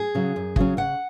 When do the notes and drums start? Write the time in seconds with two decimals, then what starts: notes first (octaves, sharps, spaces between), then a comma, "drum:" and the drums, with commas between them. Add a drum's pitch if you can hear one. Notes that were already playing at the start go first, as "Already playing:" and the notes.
Already playing: G#4
0.15 C#3 F#3 C#4
0.36 F#2
0.56 C#3 F#3 C#4, drum: kick
0.77 C#3 F#5